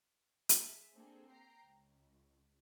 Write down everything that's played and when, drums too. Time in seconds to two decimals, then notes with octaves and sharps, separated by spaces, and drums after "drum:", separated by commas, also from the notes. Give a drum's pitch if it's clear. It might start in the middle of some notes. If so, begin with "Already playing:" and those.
0.49 drum: hi-hat
0.61 G#4 E5
0.94 A#3 C4 D4 G#4 A4
1.30 G5 A#5 C7
1.65 C#2